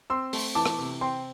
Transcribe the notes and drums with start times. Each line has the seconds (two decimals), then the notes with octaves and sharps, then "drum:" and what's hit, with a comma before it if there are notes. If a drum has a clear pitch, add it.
0.10 C4 C6 E6
0.33 A3, drum: open hi-hat
0.55 E3 A5 D6
0.66 drum: rim click
0.79 C3
1.01 C4 G5 C6